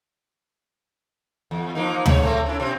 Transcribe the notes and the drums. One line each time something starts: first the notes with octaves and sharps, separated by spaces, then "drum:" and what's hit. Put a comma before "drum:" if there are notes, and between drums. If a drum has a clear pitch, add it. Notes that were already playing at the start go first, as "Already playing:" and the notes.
E2
F3 A#3 D#4
C3 G#3 C#5, drum: tom D2
A3 A#3 C4
C#4 E4
B2 C4 C#4